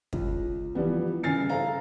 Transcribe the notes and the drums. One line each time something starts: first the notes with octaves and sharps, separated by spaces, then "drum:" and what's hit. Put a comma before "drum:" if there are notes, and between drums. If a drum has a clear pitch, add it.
C#2, drum: kick
E3 F3 G3 B3
C2 C#3 G#5 F6 A6 C7
A4 C5 F5 A#5